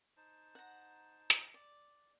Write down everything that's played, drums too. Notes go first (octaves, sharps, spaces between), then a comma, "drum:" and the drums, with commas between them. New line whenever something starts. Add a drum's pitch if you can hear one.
D#4 C5 A5
F#5 A#5
drum: hi-hat
D5